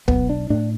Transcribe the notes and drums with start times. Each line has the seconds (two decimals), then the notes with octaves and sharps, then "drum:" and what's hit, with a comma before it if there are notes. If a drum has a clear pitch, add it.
0.08 B1 B3, drum: kick
0.29 D4
0.50 A2 D4